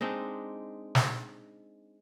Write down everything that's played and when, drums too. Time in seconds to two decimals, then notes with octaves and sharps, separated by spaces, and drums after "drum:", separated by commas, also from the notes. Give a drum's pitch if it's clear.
0.01 G#3 C4 D4 D#4
0.95 drum: snare